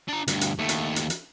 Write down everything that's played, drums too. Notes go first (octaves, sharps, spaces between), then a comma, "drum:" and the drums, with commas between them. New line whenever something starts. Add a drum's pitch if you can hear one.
D4 A#5
D2 G2, drum: hi-hat
drum: hi-hat
D#2 A3
drum: hi-hat
drum: hi-hat
drum: hi-hat